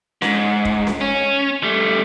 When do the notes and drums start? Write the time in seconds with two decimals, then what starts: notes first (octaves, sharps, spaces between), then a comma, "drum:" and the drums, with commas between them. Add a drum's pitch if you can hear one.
0.22 G#2, drum: snare C#4
0.65 drum: kick
0.87 drum: snare C#4
1.01 C#4
1.63 G3 A3